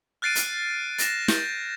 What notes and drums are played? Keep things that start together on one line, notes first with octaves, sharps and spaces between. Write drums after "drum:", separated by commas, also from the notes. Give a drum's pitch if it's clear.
F6 F#6 A6 C7 D7 D#7
drum: hi-hat
A6 A#6 E7, drum: hi-hat
G6, drum: snare